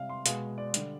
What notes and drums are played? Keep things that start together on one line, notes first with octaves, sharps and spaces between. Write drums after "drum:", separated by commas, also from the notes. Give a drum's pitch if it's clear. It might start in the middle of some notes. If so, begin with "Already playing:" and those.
Already playing: C3 G3 F5
C6
B2 G#3 F5, drum: hi-hat
D5
D3 G3, drum: hi-hat